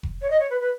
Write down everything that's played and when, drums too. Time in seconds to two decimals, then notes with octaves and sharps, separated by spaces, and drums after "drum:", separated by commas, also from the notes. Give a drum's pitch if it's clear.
0.03 drum: kick F1
0.22 C#5
0.30 D#5
0.40 C#5
0.50 B4
0.61 B4